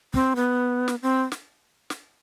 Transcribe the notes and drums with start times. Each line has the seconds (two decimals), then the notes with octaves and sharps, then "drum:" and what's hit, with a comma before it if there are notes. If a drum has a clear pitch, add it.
0.14 C4, drum: kick
0.36 B3
0.88 drum: snare
1.02 C4
1.32 drum: snare
1.90 drum: snare